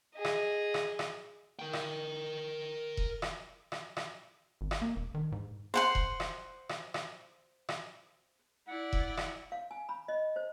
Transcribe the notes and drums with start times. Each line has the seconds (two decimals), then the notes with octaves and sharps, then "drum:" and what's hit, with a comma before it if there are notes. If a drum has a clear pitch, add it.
0.15 G#4 D#5
0.25 drum: rim click
0.74 drum: rim click
0.99 drum: rim click
1.59 A#4 G5
1.73 drum: rim click
2.97 drum: kick E1
3.22 drum: rim click
3.72 drum: rim click
3.97 drum: rim click
4.61 G#1
4.71 drum: rim click
4.82 A#3
4.96 E1
5.15 D#3
5.32 G#2
5.74 C5 F#5 C6
5.95 drum: kick E1
6.20 drum: rim click
6.69 drum: rim click
6.94 drum: rim click
7.69 drum: rim click
8.68 E4 D5 F#5
8.93 drum: kick E1
9.17 drum: rim click
9.52 F5
9.71 G#5
9.89 B5
10.08 D#5
10.36 C5